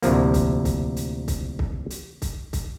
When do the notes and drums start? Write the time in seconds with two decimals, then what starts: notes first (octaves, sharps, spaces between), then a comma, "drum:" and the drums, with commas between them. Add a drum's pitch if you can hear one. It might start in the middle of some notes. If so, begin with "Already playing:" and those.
0.03 D2 A2 C3 F3 A#3, drum: hi-hat
0.34 drum: kick C2, hi-hat
0.65 drum: kick C2, hi-hat
0.96 drum: hi-hat
1.28 drum: kick C2, hi-hat
1.59 drum: kick C2
1.90 drum: hi-hat
2.22 drum: kick C2, hi-hat
2.53 drum: kick C2, hi-hat